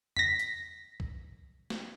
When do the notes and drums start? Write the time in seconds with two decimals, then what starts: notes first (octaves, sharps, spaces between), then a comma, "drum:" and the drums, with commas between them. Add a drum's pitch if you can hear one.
0.16 A#6 B6, drum: tom E2
0.39 drum: hi-hat
1.00 drum: kick B1
1.70 drum: snare